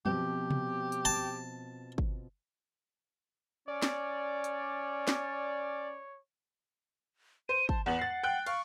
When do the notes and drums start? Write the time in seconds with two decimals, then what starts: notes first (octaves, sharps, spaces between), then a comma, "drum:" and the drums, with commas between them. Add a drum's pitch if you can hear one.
0.06 B2 F3 C4 G4, drum: tom
0.51 drum: tom C3
0.92 drum: hi-hat
1.05 A5
1.98 drum: kick
3.68 C#4 C#5 D5
3.82 drum: snare
4.44 drum: hi-hat
5.08 drum: snare
7.49 C5 D#7
7.69 A5, drum: kick
7.86 E2 B3 F#5 F#7
7.99 A6 C7
8.23 G5 F#6 D7
8.46 F5 C#6, drum: cymbal